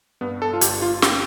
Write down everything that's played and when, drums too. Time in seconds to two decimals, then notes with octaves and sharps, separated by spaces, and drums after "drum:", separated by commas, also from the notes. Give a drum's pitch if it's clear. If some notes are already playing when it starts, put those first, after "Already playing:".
0.21 G2 B3
0.42 A4
0.53 F4
0.61 G1 G4, drum: hi-hat
0.82 F4
1.02 G4, drum: snare